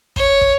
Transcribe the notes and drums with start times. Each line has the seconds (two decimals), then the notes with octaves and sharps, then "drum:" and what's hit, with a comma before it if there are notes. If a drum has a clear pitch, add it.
0.16 C#5, drum: kick
0.41 drum: kick